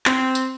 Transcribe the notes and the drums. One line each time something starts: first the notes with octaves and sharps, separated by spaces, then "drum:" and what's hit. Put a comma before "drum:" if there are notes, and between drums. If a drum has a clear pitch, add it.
C4, drum: clap
drum: tambourine